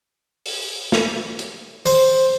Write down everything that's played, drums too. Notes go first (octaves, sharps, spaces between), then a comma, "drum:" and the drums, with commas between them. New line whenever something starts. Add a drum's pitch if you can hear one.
drum: open hi-hat
drum: snare
drum: hi-hat
C5, drum: open hi-hat